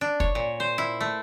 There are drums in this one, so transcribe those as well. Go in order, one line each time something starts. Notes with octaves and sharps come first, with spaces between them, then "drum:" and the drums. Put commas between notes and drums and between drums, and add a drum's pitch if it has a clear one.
D4
C#5, drum: kick
A#2
C5
E4
A3